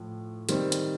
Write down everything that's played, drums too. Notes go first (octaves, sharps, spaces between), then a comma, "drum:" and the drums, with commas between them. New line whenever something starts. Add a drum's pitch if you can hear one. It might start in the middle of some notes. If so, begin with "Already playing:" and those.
Already playing: A2 F3
D#3 G3 C4, drum: hi-hat
drum: hi-hat